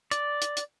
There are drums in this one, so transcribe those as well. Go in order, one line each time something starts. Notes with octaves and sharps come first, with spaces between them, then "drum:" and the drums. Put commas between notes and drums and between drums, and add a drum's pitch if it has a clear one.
D5, drum: hi-hat
drum: hi-hat
drum: hi-hat